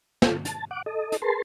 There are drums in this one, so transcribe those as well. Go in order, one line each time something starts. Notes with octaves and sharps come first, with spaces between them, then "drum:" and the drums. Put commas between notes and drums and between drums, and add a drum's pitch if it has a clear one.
F4 A4, drum: snare
A5, drum: hi-hat
F#5 D6
A4 D#5
drum: hi-hat
G#4 A#4 B4 A5 C6